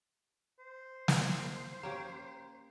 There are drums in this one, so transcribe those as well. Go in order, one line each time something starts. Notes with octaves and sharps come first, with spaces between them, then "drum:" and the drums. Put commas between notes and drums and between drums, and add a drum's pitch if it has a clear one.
C5
drum: snare
A#3 C#4 G4 A#5